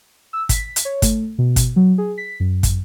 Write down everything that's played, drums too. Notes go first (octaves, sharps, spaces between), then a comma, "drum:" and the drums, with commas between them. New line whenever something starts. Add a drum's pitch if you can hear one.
E6
B6, drum: kick, hi-hat
drum: hi-hat
C#5
A3, drum: kick, hi-hat
B2
drum: kick, hi-hat
F#3
G#4
B6
F#2
drum: kick, hi-hat